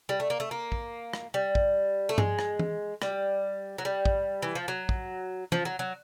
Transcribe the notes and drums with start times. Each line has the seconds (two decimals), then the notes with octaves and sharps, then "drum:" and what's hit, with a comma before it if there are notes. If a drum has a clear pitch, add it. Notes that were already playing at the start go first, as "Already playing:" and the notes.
0.09 G3
0.20 A3
0.30 A#3
0.40 A3
0.51 A#3
0.72 drum: kick
1.13 drum: rim click
1.34 G3
1.55 drum: kick
2.09 A3
2.18 G#3, drum: tom G2
2.39 drum: rim click
2.59 drum: tom E3
3.02 G3, drum: rim click
3.78 F#3
3.85 G3
4.05 drum: kick
4.42 E3
4.55 F3
4.68 F#3
4.89 drum: kick
5.52 F3, drum: tom E3
5.65 F#3
5.79 F#3